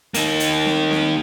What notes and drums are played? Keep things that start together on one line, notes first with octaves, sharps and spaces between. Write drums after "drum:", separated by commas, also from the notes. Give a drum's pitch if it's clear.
A#3 D#4, drum: hi-hat
drum: hi-hat
drum: snare C4
drum: snare C4